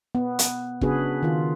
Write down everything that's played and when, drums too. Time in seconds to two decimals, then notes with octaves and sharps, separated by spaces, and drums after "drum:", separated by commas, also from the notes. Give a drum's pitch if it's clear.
0.15 B3
0.39 drum: hi-hat
0.81 C#3 B3 D4 F#4 G#4 B4, drum: kick
1.23 D#3 F4